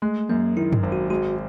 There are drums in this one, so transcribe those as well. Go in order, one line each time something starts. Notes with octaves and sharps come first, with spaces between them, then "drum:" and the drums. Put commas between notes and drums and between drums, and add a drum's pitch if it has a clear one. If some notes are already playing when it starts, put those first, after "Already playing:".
G#3 A3
F#2 A#3
D#3 E4
drum: tom
G#1
F#4
G#3 F#4